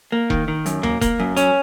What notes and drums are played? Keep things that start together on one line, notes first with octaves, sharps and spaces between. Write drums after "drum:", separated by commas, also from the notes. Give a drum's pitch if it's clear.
A#3
D#3, drum: kick E1
D#3
F#2, drum: hi-hat
A#3, drum: tom D2
A#3, drum: kick E1, hi-hat
F#2
C#4, drum: hi-hat